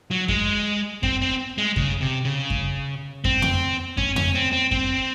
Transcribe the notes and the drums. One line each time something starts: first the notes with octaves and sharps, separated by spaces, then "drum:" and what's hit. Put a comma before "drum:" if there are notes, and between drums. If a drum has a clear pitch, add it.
F#3
G#3, drum: kick F#2
C4, drum: kick F#2
C4
G#3
C#3, drum: kick F#2
C3
C#3
drum: kick F#2
C4, drum: kick F#2
drum: tom F2
C#4, drum: kick F#2
C#4, drum: tom F2
C4
C4
C4, drum: kick F#2